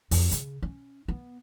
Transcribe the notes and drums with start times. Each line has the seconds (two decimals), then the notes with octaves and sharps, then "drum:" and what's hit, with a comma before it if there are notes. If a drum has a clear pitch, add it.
0.11 F2, drum: open hi-hat
0.31 C#3, drum: hi-hat
0.63 C#4
1.08 B3